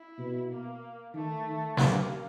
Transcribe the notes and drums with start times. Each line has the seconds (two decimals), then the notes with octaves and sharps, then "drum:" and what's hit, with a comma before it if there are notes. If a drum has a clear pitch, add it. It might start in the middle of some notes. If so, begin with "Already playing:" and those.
Already playing: E4
0.18 B2
0.50 A#3
1.14 D#3 A3
1.46 D#3
1.77 D3 A#3, drum: snare